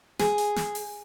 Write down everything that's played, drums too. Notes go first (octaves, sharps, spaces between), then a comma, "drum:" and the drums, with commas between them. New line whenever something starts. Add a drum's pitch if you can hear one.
G#4, drum: snare
drum: hi-hat
drum: snare
drum: open hi-hat